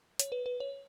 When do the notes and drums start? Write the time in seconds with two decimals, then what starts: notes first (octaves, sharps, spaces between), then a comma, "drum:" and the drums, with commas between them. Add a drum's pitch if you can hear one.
0.19 C#5, drum: hi-hat
0.32 B4
0.46 B4
0.60 C#5